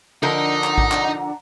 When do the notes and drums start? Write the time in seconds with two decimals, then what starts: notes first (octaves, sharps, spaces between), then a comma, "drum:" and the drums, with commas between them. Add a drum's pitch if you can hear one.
0.23 D3 F3 D4 D#4 A#4 D#5 F#5 A#5
0.64 drum: clap
0.78 drum: kick A1
0.91 drum: clap